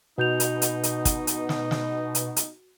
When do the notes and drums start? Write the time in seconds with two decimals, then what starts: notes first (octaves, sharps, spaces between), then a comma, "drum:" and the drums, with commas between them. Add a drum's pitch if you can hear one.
0.18 B2 B3 D#4 F#4 G6 F7
0.40 drum: hi-hat
0.62 drum: hi-hat
0.83 drum: hi-hat
1.05 drum: kick, hi-hat
1.27 drum: hi-hat
1.49 drum: snare
1.71 drum: snare
2.15 drum: hi-hat
2.36 drum: hi-hat